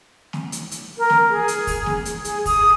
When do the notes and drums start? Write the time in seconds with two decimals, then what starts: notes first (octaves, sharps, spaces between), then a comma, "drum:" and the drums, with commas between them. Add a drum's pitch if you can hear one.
0.33 drum: snare
0.52 drum: hi-hat
0.71 drum: hi-hat
0.98 A#4
1.10 drum: snare
1.30 G#4
1.48 drum: hi-hat
1.67 drum: kick, open hi-hat
1.86 drum: snare
2.05 drum: hi-hat
2.25 G#4, drum: hi-hat
2.45 D#6, drum: kick, open hi-hat